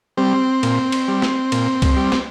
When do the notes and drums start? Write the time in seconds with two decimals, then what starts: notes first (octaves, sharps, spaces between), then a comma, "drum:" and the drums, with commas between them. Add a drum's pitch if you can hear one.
0.17 G3 C4
0.63 A#2, drum: cymbal
0.92 drum: cymbal
1.08 G3
1.22 drum: snare
1.52 A#2, drum: cymbal
1.82 drum: kick C2, cymbal
1.97 G3
2.12 drum: snare